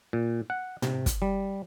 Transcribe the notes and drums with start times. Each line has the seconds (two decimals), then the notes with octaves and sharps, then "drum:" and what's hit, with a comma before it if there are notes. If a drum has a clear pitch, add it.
0.13 A#2
0.50 F#5
0.82 C3, drum: tom
1.06 drum: kick, hi-hat
1.22 G3